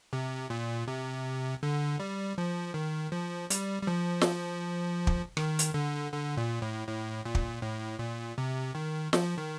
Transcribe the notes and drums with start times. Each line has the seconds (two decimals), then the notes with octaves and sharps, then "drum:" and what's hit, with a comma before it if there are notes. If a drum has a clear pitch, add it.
0.13 C3
0.50 A#2
0.87 C3
1.63 D3
2.00 G3
2.38 F3
2.74 D#3
3.12 F3
3.50 G3, drum: hi-hat
3.83 G3
3.87 F3
4.21 drum: snare
5.07 drum: kick
5.37 D#3, drum: rim click
5.59 drum: hi-hat
5.74 D3
6.13 D3
6.37 A#2
6.62 A2
6.88 A2
7.25 A#2
7.35 drum: kick
7.62 A2
7.99 A#2
8.38 C3
8.75 D#3
9.13 F3, drum: snare
9.38 D#3